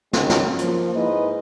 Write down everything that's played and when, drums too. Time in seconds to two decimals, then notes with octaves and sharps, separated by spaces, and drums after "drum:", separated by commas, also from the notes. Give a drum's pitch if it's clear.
0.13 D#3 F#3 G#3 C#4, drum: snare
0.30 drum: snare
0.59 F3 A#3, drum: hi-hat
0.94 G#2 E4 B4 C5 D#5